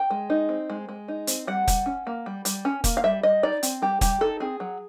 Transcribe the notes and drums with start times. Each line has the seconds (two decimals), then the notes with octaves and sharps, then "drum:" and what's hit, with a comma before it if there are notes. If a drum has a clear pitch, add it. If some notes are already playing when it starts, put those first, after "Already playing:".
Already playing: G5
0.10 G#3
0.30 D#4
0.49 C4
0.70 G#3
0.89 G#3
1.08 D#4
1.27 C4, drum: hi-hat
1.47 G3 F#5
1.68 G3, drum: kick, hi-hat
1.86 C#4
2.07 A#3
2.26 G3
2.45 G3, drum: hi-hat
2.65 C#4
2.84 A#3, drum: kick, hi-hat
2.97 F5
3.04 G3 E5
3.23 G3 D#5
3.43 D#4 D5
3.63 C4, drum: hi-hat
3.82 G3 G4
4.01 G3 G4, drum: kick, hi-hat
4.21 D#4 A4
4.40 C4 G#4
4.60 F#3